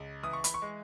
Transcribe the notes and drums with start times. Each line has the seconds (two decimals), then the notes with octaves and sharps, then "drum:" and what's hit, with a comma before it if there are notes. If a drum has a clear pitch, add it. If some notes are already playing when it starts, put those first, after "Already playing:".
Already playing: C#2
0.23 E3 D#6
0.33 C#6
0.44 B5, drum: hi-hat
0.54 C#6
0.62 G#3